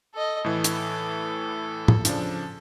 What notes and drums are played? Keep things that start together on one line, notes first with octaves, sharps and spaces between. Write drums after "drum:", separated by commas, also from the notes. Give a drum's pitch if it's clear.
A4 D#5
A2 E3 A4
drum: hi-hat
drum: tom
C#3 F3 D4, drum: hi-hat